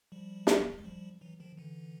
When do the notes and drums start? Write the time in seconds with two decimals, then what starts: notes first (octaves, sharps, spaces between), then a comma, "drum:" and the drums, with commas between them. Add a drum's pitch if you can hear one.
0.12 F3 G3
0.47 drum: snare
0.78 G#3
0.84 F3 G3
1.21 E3 F#3
1.40 D#3 F3
1.57 D3 E3